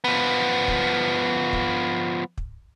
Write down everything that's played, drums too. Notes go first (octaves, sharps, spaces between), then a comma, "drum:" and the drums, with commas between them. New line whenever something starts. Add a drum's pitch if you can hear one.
F3 B3
drum: kick
drum: kick
drum: kick